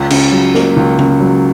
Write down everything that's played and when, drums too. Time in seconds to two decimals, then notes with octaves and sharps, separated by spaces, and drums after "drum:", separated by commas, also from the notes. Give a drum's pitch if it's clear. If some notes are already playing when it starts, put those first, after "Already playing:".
Already playing: C#2
0.10 C#3, drum: cymbal
0.32 F#3
0.55 A#3, drum: snare
0.76 C#2
0.99 C#3, drum: tom
1.20 F#3